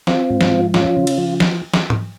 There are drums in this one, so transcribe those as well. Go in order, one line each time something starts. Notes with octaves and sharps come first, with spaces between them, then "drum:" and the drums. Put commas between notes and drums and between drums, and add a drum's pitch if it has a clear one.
C4 F4, drum: snare
G#2
drum: snare
F3
C#4 F4, drum: snare
C#3
drum: cymbal
F3
drum: snare
drum: snare
drum: tom G#2